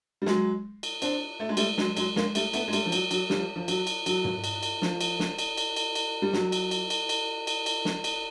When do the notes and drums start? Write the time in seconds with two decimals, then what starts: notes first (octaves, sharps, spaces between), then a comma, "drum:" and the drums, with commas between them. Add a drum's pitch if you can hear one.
0.22 G3
0.26 F#3 G#3, drum: snare
0.83 drum: cymbal
1.02 C4 D4, drum: cymbal
1.40 A3
1.49 G#3
1.57 G3 A3, drum: cymbal
1.78 F#3 G#3, drum: snare
1.97 F#3 G#3, drum: cymbal
2.16 G#3 A#3, drum: snare
2.35 G3 A3, drum: cymbal
2.53 A3 B3, drum: cymbal
2.68 G#3
2.73 G3 A3, drum: cymbal
2.86 F3
2.92 F#3, drum: cymbal
3.11 F#3, drum: cymbal
3.29 F3 G3, drum: snare
3.56 F3
3.68 F#3, drum: cymbal
3.87 drum: cymbal
4.06 F#3, drum: cymbal
4.25 drum: tom
4.44 drum: cymbal
4.63 drum: cymbal
4.82 F3, drum: snare
5.01 drum: cymbal
5.20 drum: snare
5.39 drum: cymbal
5.57 drum: cymbal
5.76 drum: cymbal
5.95 drum: cymbal
6.22 G3
6.33 F#3, drum: snare
6.52 drum: cymbal
6.71 drum: cymbal
6.90 drum: cymbal
7.09 drum: cymbal
7.47 drum: cymbal
7.66 drum: cymbal
7.85 drum: snare
8.04 drum: cymbal